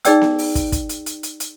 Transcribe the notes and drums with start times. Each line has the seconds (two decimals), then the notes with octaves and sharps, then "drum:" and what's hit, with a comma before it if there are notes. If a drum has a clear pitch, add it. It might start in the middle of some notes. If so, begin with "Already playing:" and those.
0.05 D#4 G#4 D5 G5 E6, drum: hi-hat
0.22 drum: snare B3
0.38 drum: open hi-hat
0.55 drum: kick, hi-hat
0.72 drum: kick, hi-hat
0.89 drum: hi-hat
1.06 drum: hi-hat
1.23 drum: hi-hat
1.40 drum: hi-hat